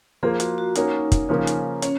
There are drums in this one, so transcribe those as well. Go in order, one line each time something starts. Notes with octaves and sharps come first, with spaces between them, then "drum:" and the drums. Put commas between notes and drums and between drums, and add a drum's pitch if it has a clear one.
F3 A#3 F4 G#4 C5
F#4, drum: hi-hat
F#4
A#3 C#4 D#4 F#4 A#4 C#5, drum: hi-hat
drum: kick, hi-hat
C#3 F3 A#3 C#4
drum: hi-hat
C#4 C#5, drum: hi-hat